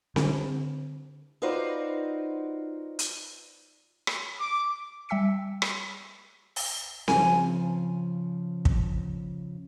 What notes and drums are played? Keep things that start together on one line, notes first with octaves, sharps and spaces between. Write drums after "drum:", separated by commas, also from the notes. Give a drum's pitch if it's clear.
D3, drum: snare C4
D#4 F4 F#4 B4 C5 D5
drum: hi-hat
drum: rim click
D6
G3 E5 G5 E6 B6 C#7
drum: rim click
drum: open hi-hat
C#3 F3 G#5, drum: snare C4
drum: kick